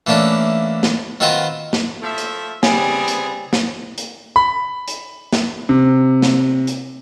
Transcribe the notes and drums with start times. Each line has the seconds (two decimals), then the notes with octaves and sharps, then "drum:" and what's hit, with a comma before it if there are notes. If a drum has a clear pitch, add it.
0.07 E3 A3 A#3 C#4 D4
0.83 drum: snare
1.20 D#3 C4 F4 F#4 B4 C5
1.73 drum: snare
2.02 F3 A3 E5
2.18 drum: hi-hat
2.63 C#3 G3 B3 C4 G#4 G#5, drum: snare
3.08 drum: hi-hat
3.53 drum: snare
3.98 drum: hi-hat
4.36 B5
4.88 drum: hi-hat
5.33 drum: snare
5.69 C3
6.22 drum: snare
6.67 drum: hi-hat